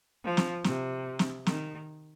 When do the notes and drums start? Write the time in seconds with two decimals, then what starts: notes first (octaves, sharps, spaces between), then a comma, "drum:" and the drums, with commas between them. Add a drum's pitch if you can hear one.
0.23 F3
0.37 drum: snare
0.64 C3, drum: snare
1.19 drum: snare
1.46 D#3, drum: snare